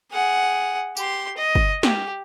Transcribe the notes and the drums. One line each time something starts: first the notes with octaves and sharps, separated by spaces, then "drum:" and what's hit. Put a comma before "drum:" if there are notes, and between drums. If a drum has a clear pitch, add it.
G#4 F#5
G4 C6, drum: tambourine
D#5
drum: kick
G4, drum: snare